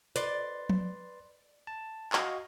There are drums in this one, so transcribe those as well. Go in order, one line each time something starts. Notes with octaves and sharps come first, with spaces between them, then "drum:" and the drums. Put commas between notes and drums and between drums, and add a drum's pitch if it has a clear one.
B4 D5 C6 A6, drum: hi-hat
drum: tom
A5
F#4 D#5 F5, drum: clap